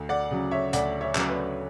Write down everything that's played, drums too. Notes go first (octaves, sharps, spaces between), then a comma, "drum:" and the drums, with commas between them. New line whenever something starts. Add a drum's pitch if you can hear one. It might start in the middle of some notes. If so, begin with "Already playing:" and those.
Already playing: D2
D5 F#5
C#3 F#3
C#5 E5
D2 D5 F#5, drum: hi-hat
C#5 E5
C#3 F#3, drum: clap
B4 D5